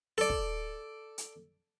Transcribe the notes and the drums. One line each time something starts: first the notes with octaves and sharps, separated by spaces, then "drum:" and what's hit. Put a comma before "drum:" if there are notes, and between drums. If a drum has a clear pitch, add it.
A4 D5
drum: kick
drum: hi-hat